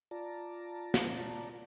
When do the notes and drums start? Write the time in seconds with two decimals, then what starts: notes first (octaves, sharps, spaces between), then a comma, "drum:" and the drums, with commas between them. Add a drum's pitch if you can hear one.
0.11 F4 D5 A5 A#5
0.94 drum: snare